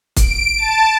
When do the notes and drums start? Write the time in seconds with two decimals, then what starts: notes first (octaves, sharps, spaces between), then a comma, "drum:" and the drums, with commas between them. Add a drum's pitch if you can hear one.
0.17 D7, drum: kick, hi-hat
0.57 A5